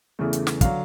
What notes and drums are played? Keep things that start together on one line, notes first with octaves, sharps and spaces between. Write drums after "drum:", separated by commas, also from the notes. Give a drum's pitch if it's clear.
E2 C#3 E3 A3
drum: hi-hat
drum: snare
D3 F#3 F5, drum: kick, hi-hat